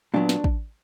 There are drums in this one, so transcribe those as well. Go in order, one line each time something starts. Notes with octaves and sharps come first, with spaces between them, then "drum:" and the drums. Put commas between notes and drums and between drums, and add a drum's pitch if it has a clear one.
A#2 F#3 B3 D4
drum: snare
drum: kick